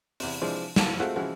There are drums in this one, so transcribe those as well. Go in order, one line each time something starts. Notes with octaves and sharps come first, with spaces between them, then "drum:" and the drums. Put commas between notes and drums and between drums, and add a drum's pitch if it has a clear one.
E2 C3, drum: open hi-hat
C3 E3 F3 G#3 D4
E3 F#3 A#3 A5, drum: snare
G#3 A3 C4 F4 F#4 F#5
C#3 E3 F3 G#3 E4 F#4